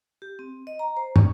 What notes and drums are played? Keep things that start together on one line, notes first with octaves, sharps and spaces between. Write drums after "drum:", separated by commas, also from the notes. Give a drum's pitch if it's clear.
G4
C4
D#5
A#5
C5
C#6, drum: tom